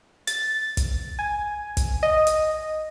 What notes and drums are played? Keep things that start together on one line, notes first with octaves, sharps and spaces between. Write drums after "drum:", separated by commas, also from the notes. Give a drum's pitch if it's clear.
A6, drum: hi-hat
drum: kick, hi-hat
G#5
drum: kick, hi-hat
D#5
drum: hi-hat